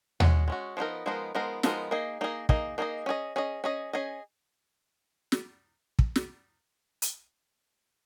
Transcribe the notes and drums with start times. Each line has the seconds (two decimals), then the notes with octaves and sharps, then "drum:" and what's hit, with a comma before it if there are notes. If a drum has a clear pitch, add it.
0.20 G#3 C#4 F#4, drum: tom D#2
0.48 G#3 C#4 F#4
0.77 F3 G#3 B3 D#4 A#4
1.06 F3 G#3 B3 D#4 A#4
1.35 F3 G#3 B3 D#4 A#4
1.63 F3 G#3 B3 D#4 A#4, drum: snare
1.91 A#3 D#4 G#4 D#5
2.21 A#3 D#4 G#4 D#5
2.49 A#3 D#4 G#4 D#5, drum: kick
2.78 A#3 D#4 G#4 D#5
3.06 C#4 G#4 D#5
3.36 C#4 G#4 D#5
3.64 C#4 G#4 D#5
3.93 C#4 G#4 D#5
5.32 drum: snare
5.99 drum: kick
6.16 drum: snare
7.02 drum: hi-hat